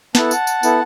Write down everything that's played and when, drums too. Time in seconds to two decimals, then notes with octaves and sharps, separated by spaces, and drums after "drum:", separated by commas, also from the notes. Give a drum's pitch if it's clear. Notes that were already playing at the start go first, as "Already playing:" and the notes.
0.15 B3 E4 A4 F#5 A5, drum: snare
0.31 drum: tambourine
0.47 drum: tambourine
0.63 B3 E4 A4, drum: tambourine